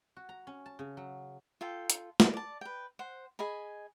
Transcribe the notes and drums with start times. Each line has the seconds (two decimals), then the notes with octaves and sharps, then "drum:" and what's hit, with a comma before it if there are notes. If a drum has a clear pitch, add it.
0.16 F#4
0.29 A#5
0.47 C#4
0.66 A5
0.79 C#3
0.97 F#3
1.61 F4 A4 G5
1.90 drum: hi-hat
2.20 drum: snare
2.34 D5 A5
2.61 B4 G5
2.99 C5 F#5
3.39 G#4 D#5 G#5 B5